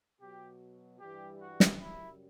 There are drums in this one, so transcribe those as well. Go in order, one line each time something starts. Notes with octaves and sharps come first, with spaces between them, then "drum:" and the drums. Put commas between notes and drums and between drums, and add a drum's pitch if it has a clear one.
B2 F#3 G4
G2 E3 G3 G4
F#4
drum: snare
F#2 C#3 G3 E4